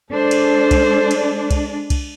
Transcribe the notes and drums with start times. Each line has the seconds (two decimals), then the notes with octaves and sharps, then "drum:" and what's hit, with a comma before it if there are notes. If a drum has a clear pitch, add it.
0.11 G#3 D4 A4 C5
0.31 drum: cymbal
0.71 drum: kick, cymbal
1.11 drum: cymbal
1.51 drum: kick, cymbal
1.90 drum: kick, cymbal